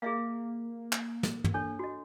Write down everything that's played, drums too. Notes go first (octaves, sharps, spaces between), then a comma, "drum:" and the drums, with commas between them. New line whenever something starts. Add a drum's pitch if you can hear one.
A#3 G#4 E5 F5
drum: clap
drum: snare
drum: tom
D4 A4 C#5
F#4 D#5